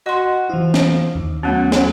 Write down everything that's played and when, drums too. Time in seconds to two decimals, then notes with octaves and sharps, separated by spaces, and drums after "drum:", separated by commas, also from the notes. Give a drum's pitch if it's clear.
0.06 F#4 D#5 C6
0.49 E3 F3 E4
0.74 drum: snare
1.15 D#2
1.43 F#3 A3 B3 C#4
1.72 drum: snare